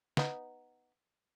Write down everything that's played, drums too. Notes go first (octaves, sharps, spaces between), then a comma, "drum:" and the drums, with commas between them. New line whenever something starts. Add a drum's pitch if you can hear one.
B3 D#4, drum: snare